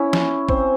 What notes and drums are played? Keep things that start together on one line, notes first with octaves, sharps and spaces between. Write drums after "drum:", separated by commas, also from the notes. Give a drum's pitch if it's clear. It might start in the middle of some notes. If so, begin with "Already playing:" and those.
Already playing: C#4 E4
drum: snare
C4, drum: kick